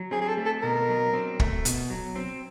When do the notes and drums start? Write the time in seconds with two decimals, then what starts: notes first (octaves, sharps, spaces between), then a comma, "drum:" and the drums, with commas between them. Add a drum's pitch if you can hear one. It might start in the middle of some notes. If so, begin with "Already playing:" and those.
Already playing: F#3
0.11 C4 G#4
0.21 G#4
0.28 A4
0.38 A3
0.45 A4
0.62 B2 A#4
0.89 F#3
1.13 C4
1.40 A3, drum: kick
1.65 B2, drum: hi-hat
1.90 F#3
2.16 C4